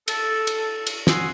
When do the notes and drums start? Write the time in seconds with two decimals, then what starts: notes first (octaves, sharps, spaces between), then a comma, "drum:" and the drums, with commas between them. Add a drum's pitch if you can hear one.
0.08 A4, drum: cymbal
0.47 drum: cymbal
0.87 drum: cymbal
1.07 F#4 F#5 G#5 C6 D#6 E6, drum: snare